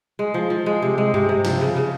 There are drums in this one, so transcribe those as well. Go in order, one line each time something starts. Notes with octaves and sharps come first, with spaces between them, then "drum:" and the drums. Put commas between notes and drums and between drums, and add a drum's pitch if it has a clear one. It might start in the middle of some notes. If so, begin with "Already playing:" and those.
G#3
F3
F3
G#3
C3
G#3
C3, drum: tom G2
C3
F3, drum: snare
C#3
C#3